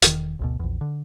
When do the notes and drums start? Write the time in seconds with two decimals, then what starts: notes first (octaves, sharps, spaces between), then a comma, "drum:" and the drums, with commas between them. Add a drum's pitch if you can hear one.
0.02 E1 D#3, drum: hi-hat
0.39 G#1 D2 B2
0.59 A#1 E2
0.81 D3